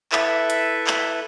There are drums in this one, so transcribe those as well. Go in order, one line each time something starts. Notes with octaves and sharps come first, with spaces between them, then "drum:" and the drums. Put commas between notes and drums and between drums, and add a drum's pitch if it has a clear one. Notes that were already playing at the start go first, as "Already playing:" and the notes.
E4 A4 B4 E5, drum: clap
drum: hi-hat
drum: clap